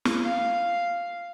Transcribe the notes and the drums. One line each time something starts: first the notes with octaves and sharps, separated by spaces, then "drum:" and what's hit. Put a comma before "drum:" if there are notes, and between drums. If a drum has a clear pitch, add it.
drum: snare
F5